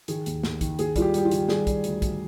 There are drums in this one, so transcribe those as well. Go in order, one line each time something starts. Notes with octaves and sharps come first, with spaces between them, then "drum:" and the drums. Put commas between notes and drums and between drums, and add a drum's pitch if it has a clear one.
D#3 G#4, drum: hi-hat
D#2, drum: hi-hat
D#2, drum: snare
D#3, drum: kick, hi-hat
D#2 G#4, drum: hi-hat
G3 F4, drum: kick, hi-hat
G4
G3 G4, drum: hi-hat
F4
D#3, drum: hi-hat
G3 G#4, drum: snare
G3, drum: kick, hi-hat
D2, drum: hi-hat
D2, drum: kick, hi-hat